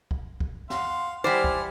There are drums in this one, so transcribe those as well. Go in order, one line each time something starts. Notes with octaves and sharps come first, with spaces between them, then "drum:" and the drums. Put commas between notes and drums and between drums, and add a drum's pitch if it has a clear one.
drum: kick
drum: kick
F5 F#5 C6, drum: snare
G3 E4 C5 D5 F#5 G#5 F6
drum: kick